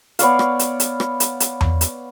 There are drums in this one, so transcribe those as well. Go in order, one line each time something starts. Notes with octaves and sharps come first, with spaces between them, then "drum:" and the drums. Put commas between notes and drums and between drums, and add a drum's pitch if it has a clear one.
B3 C#5 D5 F5, drum: hi-hat
drum: rim click
drum: hi-hat
drum: hi-hat
drum: rim click
drum: hi-hat
drum: hi-hat
drum: tom E2
drum: hi-hat